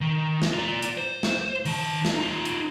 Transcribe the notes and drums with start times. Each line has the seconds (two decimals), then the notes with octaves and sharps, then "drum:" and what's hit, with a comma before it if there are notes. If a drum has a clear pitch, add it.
0.01 D#3
0.42 drum: snare
0.54 F4 D5
0.82 drum: hi-hat
0.98 C5
1.23 drum: snare
1.65 D#3 A5, drum: open hi-hat
2.05 drum: snare
2.15 D#4 F4
2.45 drum: hi-hat